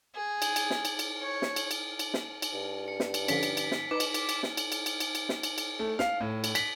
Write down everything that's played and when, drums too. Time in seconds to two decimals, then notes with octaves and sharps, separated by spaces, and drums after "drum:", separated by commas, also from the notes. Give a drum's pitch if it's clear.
0.15 G#4
0.42 drum: cymbal
0.56 drum: cymbal
0.70 drum: snare
0.85 drum: cymbal
0.99 drum: cymbal
1.21 C#5
1.42 drum: snare
1.56 drum: cymbal
1.71 drum: cymbal
1.99 drum: cymbal
2.14 drum: snare
2.42 drum: cymbal
2.53 G2
2.88 C#7
3.00 drum: snare
3.14 drum: cymbal
3.28 D3 F3 C#4 B6, drum: cymbal
3.43 drum: cymbal
3.57 drum: cymbal
3.71 drum: snare
3.91 D#4 B4 D6
4.00 drum: cymbal
4.14 drum: cymbal
4.29 drum: cymbal
4.43 drum: snare
4.57 drum: cymbal
4.72 drum: cymbal
4.86 drum: cymbal
5.00 drum: cymbal
5.15 drum: cymbal
5.29 drum: snare
5.43 drum: cymbal
5.58 drum: cymbal
5.79 A3
5.99 F5, drum: snare
6.21 A2
6.44 drum: cymbal
6.55 B6, drum: cymbal